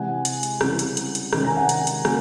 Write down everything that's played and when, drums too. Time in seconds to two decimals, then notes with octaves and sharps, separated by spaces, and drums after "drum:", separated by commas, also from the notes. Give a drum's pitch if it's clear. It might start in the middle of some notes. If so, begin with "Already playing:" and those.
Already playing: C3 E3 G#3 F#5 G#5
0.25 drum: hi-hat
0.43 drum: hi-hat
0.61 C#3 E3 G3 C4, drum: rim click
0.79 drum: hi-hat
0.97 drum: hi-hat
1.15 drum: hi-hat
1.33 C3 D#3 G#3 C#4, drum: rim click
1.44 G#5 A#5
1.57 F#5 G#5
1.69 drum: hi-hat
1.87 drum: hi-hat
2.05 C#3 F#3 A#3, drum: rim click